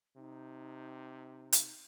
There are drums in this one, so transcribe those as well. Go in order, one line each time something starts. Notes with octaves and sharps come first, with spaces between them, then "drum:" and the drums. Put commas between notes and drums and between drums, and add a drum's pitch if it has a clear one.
C3 D#4
drum: hi-hat